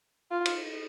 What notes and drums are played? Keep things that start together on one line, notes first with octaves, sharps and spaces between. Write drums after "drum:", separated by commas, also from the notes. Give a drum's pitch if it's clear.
F4
drum: cymbal